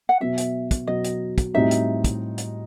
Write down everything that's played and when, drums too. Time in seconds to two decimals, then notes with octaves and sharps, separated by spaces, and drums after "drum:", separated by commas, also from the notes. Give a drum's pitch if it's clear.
0.09 F#5
0.20 B2 F#3 B3 F#4 E5
0.38 drum: hi-hat
0.71 drum: kick, hi-hat
0.87 B2 F#3 B3 F#4 D#5
1.04 drum: hi-hat
1.38 drum: kick, hi-hat
1.54 A2 G3 C4 D#4 F#4 E5
1.71 drum: hi-hat
2.04 drum: kick, hi-hat
2.38 drum: hi-hat